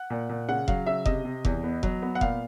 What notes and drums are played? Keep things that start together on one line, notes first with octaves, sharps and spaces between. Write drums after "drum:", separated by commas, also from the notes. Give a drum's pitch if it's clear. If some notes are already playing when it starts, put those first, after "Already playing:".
Already playing: F#5
A#2
A#2
C#3 F#5
F#3 F5, drum: kick F1
C#3 E5
C3 D#5, drum: kick F1
C3
E2, drum: kick F1
B3
F#3, drum: kick F1
B3
F#5
A#2 F5, drum: kick F1